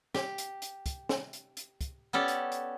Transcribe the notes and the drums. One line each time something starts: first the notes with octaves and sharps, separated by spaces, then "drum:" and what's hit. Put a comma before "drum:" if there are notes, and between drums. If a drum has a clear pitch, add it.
G4, drum: snare
drum: hi-hat
drum: hi-hat
drum: kick, hi-hat
drum: snare
drum: hi-hat
drum: hi-hat
drum: kick, hi-hat
B3 C#4 G4 A4 D5
drum: hi-hat
drum: hi-hat